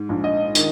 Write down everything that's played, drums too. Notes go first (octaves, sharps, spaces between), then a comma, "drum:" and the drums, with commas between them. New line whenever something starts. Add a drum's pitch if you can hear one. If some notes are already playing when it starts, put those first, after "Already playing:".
Already playing: G#2
A#1
D#5
D#3, drum: tambourine